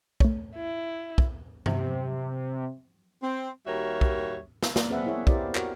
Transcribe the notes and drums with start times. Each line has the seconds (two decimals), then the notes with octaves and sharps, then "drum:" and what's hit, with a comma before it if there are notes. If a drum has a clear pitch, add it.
0.20 A3 C#5, drum: kick
0.56 E4
1.18 drum: kick
1.66 C3, drum: tom G2
3.23 C4
3.67 D#2 G3 F#4 A#4 C#5 E5
4.01 drum: kick
4.63 drum: snare
4.76 A#3 A#4 D5, drum: snare
4.90 C4 G#4 B4 E5 F#5
5.04 A#3 B3 E4 G#4 C#5 E5
5.27 E4 G4 A#4 C5 D5, drum: kick
5.55 F#4 A#4 C#5, drum: clap